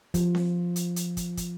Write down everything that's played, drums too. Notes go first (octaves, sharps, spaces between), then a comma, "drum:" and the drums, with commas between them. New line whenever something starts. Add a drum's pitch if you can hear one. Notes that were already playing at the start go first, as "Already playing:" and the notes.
F3, drum: kick, hi-hat
drum: snare C4
drum: hi-hat
drum: hi-hat
drum: kick, hi-hat
drum: kick, hi-hat